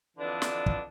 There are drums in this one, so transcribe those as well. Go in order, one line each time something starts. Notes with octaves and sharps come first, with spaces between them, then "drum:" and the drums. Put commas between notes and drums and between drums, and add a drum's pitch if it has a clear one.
F2 D3 E3 D4 B4
drum: snare
drum: kick